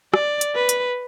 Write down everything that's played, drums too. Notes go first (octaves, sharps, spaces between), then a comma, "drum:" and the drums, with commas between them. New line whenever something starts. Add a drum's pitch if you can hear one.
D5, drum: rim click
drum: hi-hat
B4
drum: hi-hat